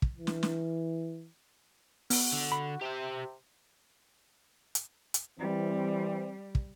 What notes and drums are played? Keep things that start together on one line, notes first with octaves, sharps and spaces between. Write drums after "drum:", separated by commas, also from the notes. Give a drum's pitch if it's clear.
drum: kick
E3
drum: snare
drum: snare
B3 F#4, drum: open hi-hat
D3
B5
C3 G4 E5
drum: hi-hat
drum: hi-hat
E3 G3 C4
drum: kick